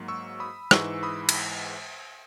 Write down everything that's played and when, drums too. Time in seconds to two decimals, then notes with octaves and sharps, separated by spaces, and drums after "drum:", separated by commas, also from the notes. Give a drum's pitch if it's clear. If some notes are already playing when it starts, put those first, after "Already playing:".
Already playing: G#2 F#3 A#3
0.08 C#6 E6
0.40 B5 D#6
0.71 G#2 E3 G#3 C#6 E6, drum: rim click
1.03 B5 D#6
1.29 drum: cymbal